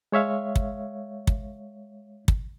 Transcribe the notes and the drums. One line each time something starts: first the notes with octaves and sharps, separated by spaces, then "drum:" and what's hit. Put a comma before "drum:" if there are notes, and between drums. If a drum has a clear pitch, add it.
G#3 C#5 E5 F5
drum: kick
drum: kick
drum: kick